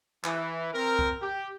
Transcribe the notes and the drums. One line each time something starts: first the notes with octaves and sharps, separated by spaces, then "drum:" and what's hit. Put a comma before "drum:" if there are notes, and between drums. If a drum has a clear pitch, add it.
E3, drum: clap
C4 A#4
drum: kick C2
G4